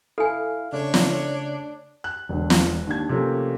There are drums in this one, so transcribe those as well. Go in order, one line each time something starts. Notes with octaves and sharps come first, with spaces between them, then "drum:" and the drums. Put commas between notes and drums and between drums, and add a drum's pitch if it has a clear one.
E4 A4 F5 G#5
C#3 A3 D4 C#5
drum: snare
F#6
E1 D2
drum: snare
D#2 D4 G#6
C3 F3 A3 A#3 C4 C#4